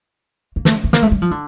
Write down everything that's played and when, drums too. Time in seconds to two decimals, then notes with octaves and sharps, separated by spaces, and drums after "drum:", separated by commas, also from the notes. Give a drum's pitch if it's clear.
0.56 A#3
0.65 A3, drum: snare
0.84 A3
0.93 A#3, drum: snare
1.03 A3
1.11 G3
1.22 F3
1.31 D3